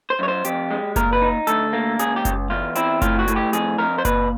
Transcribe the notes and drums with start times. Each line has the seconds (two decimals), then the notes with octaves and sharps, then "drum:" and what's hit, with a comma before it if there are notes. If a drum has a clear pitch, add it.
0.10 C5
0.19 F#2 C#5
0.28 C5
0.45 F2 G4, drum: hi-hat
0.71 G#3
0.96 A#2 A#4, drum: kick F#1, hi-hat
1.13 B4
1.22 D#4
1.47 D2 A4, drum: hi-hat
1.73 A#3
1.99 C#2 G#4, drum: hi-hat
2.16 G4
2.25 C#2, drum: kick F#1, hi-hat
2.50 E2 F4
2.75 C4 E4, drum: hi-hat
3.02 A2 F4, drum: kick F#1, hi-hat
3.19 F#4
3.28 A2, drum: hi-hat
3.36 G4
3.53 F2 G#4, drum: hi-hat
3.78 F2 A#4
3.98 C5
4.05 A#2 B4, drum: kick F#1, hi-hat